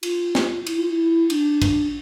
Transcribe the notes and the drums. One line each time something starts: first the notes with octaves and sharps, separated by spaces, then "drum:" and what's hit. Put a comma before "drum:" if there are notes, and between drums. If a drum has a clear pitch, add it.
F4, drum: cymbal
drum: snare
E4, drum: cymbal
F4
E4
D4, drum: cymbal
drum: kick, cymbal